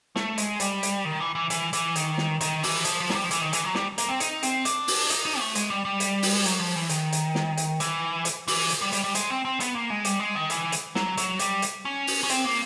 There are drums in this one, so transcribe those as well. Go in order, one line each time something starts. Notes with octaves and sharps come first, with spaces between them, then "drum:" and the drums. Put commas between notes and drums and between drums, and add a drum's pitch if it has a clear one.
A3, drum: snare
G#3, drum: hi-hat
G3, drum: hi-hat
drum: hi-hat
D#3
E3
E3
E3, drum: hi-hat
E3, drum: hi-hat
D#3, drum: hi-hat
drum: snare
D#3, drum: hi-hat
E3, drum: open hi-hat
F3, drum: hi-hat
F3
F#3, drum: snare
G3
F3
E3, drum: hi-hat
D#3
E3, drum: hi-hat
F#3
G3, drum: snare
A#3, drum: hi-hat
C4
D#4, drum: hi-hat
C4, drum: hi-hat
D4, drum: hi-hat
drum: open hi-hat
D#4, drum: hi-hat
D#4
A3
G#3, drum: hi-hat
G3
G3
drum: hi-hat
drum: open hi-hat
F#3, drum: hi-hat
F3
E3
D#3, drum: hi-hat
drum: hi-hat
drum: snare
drum: hi-hat
E3, drum: hi-hat
drum: hi-hat
E3, drum: open hi-hat
drum: hi-hat
G3
G3, drum: hi-hat
G3
G#3, drum: hi-hat
C4
C4
B3, drum: hi-hat
A#3
G#3
G3, drum: hi-hat
G#3
D#3
E3, drum: hi-hat
drum: hi-hat
F#3, drum: snare
F#3, drum: hi-hat
G3, drum: hi-hat
drum: hi-hat
C#4
drum: open hi-hat
C#4
C4, drum: hi-hat
A#3